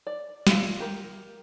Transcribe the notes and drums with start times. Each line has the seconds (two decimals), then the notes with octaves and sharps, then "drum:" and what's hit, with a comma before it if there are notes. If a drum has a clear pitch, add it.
0.07 D5
0.47 F4 F5, drum: snare
0.80 G4 A#4